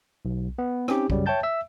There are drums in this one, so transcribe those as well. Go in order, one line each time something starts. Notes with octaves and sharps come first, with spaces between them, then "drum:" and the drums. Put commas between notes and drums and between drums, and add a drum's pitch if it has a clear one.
B1
B3
C4 C#4 D#4 G4, drum: rim click
F#2 C#3 F#3 G3, drum: kick
C#5 E5 G5 A5 G6 A6
E5 E6